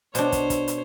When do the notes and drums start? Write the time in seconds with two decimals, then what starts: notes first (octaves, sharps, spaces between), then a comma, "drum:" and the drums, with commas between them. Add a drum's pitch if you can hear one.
0.15 B2 D4 C5 C#5, drum: hi-hat
0.32 drum: kick, hi-hat
0.50 drum: kick, hi-hat
0.68 drum: hi-hat